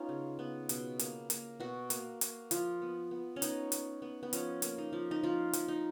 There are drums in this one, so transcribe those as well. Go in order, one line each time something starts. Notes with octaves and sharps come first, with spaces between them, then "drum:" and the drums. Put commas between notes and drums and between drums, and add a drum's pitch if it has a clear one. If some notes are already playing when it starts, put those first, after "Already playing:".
Already playing: B3 C#4 D#4 F4
C#3
B3
B2, drum: hi-hat
A#3, drum: hi-hat
A#3, drum: hi-hat
B2 F#4
A#3, drum: hi-hat
A#3, drum: hi-hat
F3 F4, drum: hi-hat
B3
B3
C#4
B3 D#4, drum: hi-hat
B3, drum: hi-hat
B3
B3
F3 C#4, drum: hi-hat
A#3, drum: hi-hat
D#4
F3
D#4
F3 F4
F3, drum: hi-hat
D#4